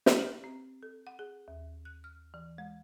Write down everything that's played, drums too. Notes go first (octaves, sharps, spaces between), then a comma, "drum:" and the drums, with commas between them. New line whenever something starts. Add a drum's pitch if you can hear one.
drum: snare
G4
C4
A4
F#5
G#4
D#2
F#6
F6
E3
G#3